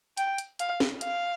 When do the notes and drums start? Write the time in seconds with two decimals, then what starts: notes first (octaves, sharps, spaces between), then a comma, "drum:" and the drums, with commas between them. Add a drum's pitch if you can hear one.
0.17 G5, drum: hi-hat
0.38 drum: hi-hat
0.59 F5, drum: hi-hat
0.80 drum: snare
1.01 F5, drum: hi-hat